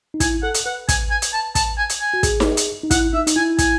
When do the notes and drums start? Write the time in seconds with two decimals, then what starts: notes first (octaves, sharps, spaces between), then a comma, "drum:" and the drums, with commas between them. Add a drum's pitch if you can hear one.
0.14 D#4
0.20 E4 G#5, drum: kick, hi-hat
0.43 A4 F#5
0.54 drum: hi-hat
0.66 B4 F#5
0.89 G#5, drum: kick, hi-hat
1.11 G#5
1.22 drum: hi-hat
1.33 A5
1.55 A5, drum: kick, hi-hat
1.78 G#5
1.89 drum: hi-hat
2.01 G#5
2.14 F#4
2.23 G#4, drum: kick, hi-hat
2.40 drum: snare D#4
2.57 drum: hi-hat
2.83 D#4
2.91 E4 F#5, drum: kick, hi-hat
3.13 D#4 E5
3.27 D#4, drum: hi-hat
3.36 E4 G#5
3.58 G#5, drum: kick, hi-hat